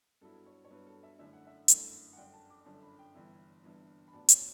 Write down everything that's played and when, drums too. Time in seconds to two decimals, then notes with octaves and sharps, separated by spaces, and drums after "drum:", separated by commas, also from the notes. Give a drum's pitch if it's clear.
0.21 G2 F#3 B3 E4 A4
0.46 C#5
0.65 C#5
0.70 G2 F#3 B3 E4 B4
0.87 A4
1.03 E5
1.19 G1 F#2 D3 A3 E4 E5
1.33 F#5
1.47 E5
1.68 G1 F#2 D3 A3 E4, drum: hi-hat
2.13 F#5
2.17 G1 F#2 D3 G5
2.33 A5
2.50 D6
2.65 G1 F#2 D3 A5
2.83 B5
2.99 G5
3.15 G1 G2 E3 B3 E4
3.63 G1 G2 E3 B3 E4
4.08 B5
4.13 A2 F#3 B3 D4 A5
4.29 C#5, drum: hi-hat